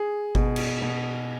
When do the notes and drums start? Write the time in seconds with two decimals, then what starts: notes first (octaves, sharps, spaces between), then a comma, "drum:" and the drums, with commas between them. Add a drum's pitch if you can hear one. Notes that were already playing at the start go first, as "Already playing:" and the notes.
Already playing: G#4
0.35 B2, drum: kick G1
0.56 drum: cymbal
0.82 B2